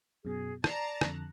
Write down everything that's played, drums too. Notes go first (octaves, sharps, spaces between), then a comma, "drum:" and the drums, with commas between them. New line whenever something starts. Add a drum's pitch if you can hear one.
F#2 B2 G#4
D5 A5 A#5 A6 C7, drum: rim click
F2 D3 F#6, drum: rim click